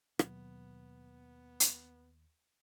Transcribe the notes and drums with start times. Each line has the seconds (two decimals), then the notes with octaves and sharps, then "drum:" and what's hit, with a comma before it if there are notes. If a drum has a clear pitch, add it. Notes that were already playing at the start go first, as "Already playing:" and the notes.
0.19 D#2 B2 F#3 B3, drum: rim click
1.60 drum: hi-hat